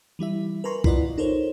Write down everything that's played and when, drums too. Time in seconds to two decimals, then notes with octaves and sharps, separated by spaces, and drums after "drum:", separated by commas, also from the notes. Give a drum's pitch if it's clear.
0.19 E3 G3 E4 E5
0.64 A#4 B4 G#5 A#5 C6 C#6
0.84 E4 F4 B4 D5 D#5 F#5, drum: kick B1
1.18 D#4 A4 A#4 C5 C#5